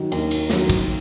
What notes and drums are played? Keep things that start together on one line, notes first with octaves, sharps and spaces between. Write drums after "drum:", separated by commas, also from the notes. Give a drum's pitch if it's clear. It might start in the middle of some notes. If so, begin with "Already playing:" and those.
Already playing: D#3 F#3
D#2, drum: cymbal
drum: cymbal
D#3 F#3, drum: snare
drum: kick, cymbal